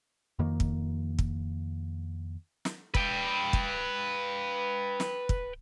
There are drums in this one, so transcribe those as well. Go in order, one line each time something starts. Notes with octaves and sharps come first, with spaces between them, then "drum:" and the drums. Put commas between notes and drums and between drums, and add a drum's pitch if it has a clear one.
F2 D#3 A#3
drum: kick
drum: kick
drum: snare
B4 G5, drum: kick
drum: kick
drum: snare
drum: kick